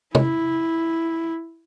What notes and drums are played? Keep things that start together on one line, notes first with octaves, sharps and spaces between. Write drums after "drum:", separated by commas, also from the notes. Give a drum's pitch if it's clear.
E4, drum: tom